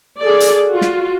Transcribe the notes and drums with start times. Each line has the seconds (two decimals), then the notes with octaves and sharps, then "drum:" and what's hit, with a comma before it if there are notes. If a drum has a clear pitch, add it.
0.20 G#4 A4 D5
0.40 drum: hi-hat
0.67 F4 F#4
0.81 drum: snare